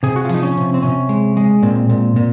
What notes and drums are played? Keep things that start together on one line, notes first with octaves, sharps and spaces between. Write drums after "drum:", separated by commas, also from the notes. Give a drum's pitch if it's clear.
C3 G#4
F#4
F4
F3 D#4, drum: open hi-hat
C#4
C3, drum: hi-hat
C4
C3 C#4, drum: hi-hat
G#3, drum: hi-hat
G#3, drum: hi-hat
A#2 C4, drum: hi-hat
A#2, drum: hi-hat
A#2, drum: hi-hat